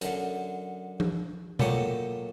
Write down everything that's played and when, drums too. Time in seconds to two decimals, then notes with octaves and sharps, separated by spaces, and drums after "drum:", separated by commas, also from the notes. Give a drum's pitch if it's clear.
0.01 F#2 D3, drum: hi-hat
1.00 drum: tom F3
1.59 A#2 F#3 A3 G4 C#5 D#6, drum: tom B2